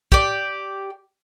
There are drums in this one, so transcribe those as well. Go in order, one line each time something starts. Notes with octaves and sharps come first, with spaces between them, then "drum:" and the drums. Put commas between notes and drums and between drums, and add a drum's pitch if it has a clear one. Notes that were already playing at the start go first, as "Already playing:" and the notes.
G4 D5, drum: kick